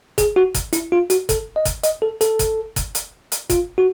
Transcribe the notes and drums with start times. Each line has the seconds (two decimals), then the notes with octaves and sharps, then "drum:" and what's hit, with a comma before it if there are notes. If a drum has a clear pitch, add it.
0.18 G#4, drum: kick, hi-hat
0.36 F#4
0.55 drum: kick, hi-hat
0.73 E4, drum: hi-hat
0.92 F4
1.10 F#4, drum: hi-hat
1.29 A4, drum: kick, hi-hat
1.56 D#5
1.65 drum: kick, hi-hat
1.83 D#5, drum: hi-hat
2.02 A4
2.21 A4, drum: hi-hat
2.39 drum: kick, hi-hat
2.76 drum: kick, hi-hat
2.95 drum: hi-hat
3.32 drum: hi-hat
3.50 F4, drum: kick, hi-hat
3.78 F#4